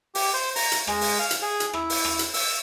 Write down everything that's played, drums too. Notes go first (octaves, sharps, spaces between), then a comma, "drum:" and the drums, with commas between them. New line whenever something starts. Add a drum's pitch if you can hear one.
G4, drum: open hi-hat
C5
A#5, drum: open hi-hat
drum: hi-hat
G#3, drum: rim click
drum: open hi-hat
F5
drum: hi-hat
G#4
drum: hi-hat
E4, drum: rim click
drum: open hi-hat
drum: rim click
drum: hi-hat
E6, drum: open hi-hat